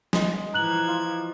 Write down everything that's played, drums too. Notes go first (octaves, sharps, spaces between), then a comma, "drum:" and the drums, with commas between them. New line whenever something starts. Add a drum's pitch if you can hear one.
G#3, drum: snare
E3 F3 A#5 F#6 G#6 F#7
F4